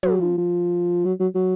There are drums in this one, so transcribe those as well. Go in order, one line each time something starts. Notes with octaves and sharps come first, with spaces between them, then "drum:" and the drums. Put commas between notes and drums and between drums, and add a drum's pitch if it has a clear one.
F#3, drum: tom
F3
F3
F#3
F#3
F#3